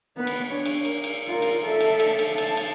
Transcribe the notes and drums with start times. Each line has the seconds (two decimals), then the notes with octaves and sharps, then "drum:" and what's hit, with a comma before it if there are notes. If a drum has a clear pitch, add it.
0.17 B3 B4
0.27 drum: cymbal
0.51 D4 C#5
0.65 drum: cymbal
0.85 A#4, drum: cymbal
1.04 drum: cymbal
1.28 F4 A#4
1.42 drum: cymbal
1.65 A4 E5
1.81 drum: cymbal
2.00 drum: cymbal
2.19 drum: cymbal
2.38 A5, drum: cymbal
2.57 drum: cymbal